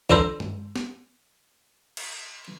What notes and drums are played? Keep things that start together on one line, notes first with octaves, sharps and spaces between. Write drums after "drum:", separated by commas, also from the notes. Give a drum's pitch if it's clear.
F2 D4 A4 C5 A#5, drum: kick
drum: tom
drum: snare
drum: cymbal